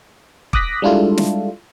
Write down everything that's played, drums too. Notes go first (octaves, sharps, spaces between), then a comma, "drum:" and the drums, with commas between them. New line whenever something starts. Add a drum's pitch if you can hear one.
D6 D#6 F#6 A#6 B6, drum: kick
G3 G#3 D4 E4 F4 A4
drum: snare